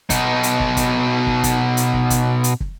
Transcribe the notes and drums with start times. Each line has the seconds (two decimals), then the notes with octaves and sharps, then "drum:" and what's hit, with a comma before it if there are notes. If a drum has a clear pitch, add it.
0.10 B2 D#4, drum: kick, hi-hat
0.43 drum: hi-hat
0.60 drum: kick
0.77 drum: kick, hi-hat
1.27 drum: kick
1.44 drum: kick, hi-hat
1.77 drum: hi-hat
1.94 drum: kick
2.10 drum: kick, hi-hat
2.44 drum: hi-hat
2.60 drum: kick